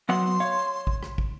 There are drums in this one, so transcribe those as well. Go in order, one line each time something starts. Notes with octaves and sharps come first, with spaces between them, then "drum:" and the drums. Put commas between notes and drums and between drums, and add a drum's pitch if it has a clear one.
F#3 B3 F#5 C6
C#5 F5
drum: kick
drum: rim click
drum: kick